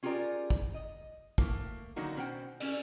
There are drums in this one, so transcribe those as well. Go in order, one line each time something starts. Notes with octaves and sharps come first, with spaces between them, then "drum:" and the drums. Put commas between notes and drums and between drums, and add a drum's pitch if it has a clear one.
C#4 F4 G4 G#4 A#4 D5
drum: kick
D#5
A3 A#3, drum: kick
D3 D#3 F#3 A#3 D#4 F#4
B2 C#4 C5 F#5 G5
C#4 D5, drum: cymbal